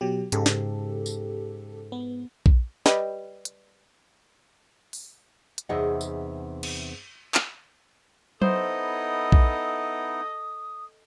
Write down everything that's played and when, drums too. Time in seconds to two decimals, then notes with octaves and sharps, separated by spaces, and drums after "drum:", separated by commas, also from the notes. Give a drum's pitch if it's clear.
0.01 B2 F#3 G4
0.32 G#2 C#3 G4 A4, drum: hi-hat
0.46 drum: snare
1.06 drum: tambourine
1.92 B3
2.46 drum: kick A#1
2.86 G3 B4 D#5, drum: snare
3.45 drum: hi-hat
4.93 drum: open hi-hat
5.58 drum: hi-hat
5.69 E2 C3 D#4 G#4 D#5 F#5
6.01 drum: tambourine
6.63 drum: cymbal
7.35 drum: clap
8.42 B3 D#4 E4 A4 C5 D#5 D#6, drum: tom F#3
9.32 drum: kick A#1